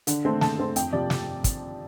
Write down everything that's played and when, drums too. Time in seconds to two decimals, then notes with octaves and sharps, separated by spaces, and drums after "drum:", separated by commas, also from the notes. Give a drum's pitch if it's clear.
0.07 D3, drum: hi-hat
0.25 A3 C4
0.41 D3 A5, drum: snare
0.59 A3 C4
0.76 F2 G5, drum: hi-hat
0.93 C3 F3 D5
1.10 drum: snare
1.44 drum: kick, hi-hat